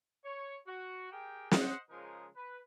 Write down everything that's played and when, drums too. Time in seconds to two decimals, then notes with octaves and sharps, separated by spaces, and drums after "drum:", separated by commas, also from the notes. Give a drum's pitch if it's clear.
0.24 C#5
0.67 F#4
1.12 G4 G#4 A#4 G5
1.51 C5 D#5 F#5, drum: snare
1.90 C#3 F3 G#3 D#4 G#4 A#4
2.35 B4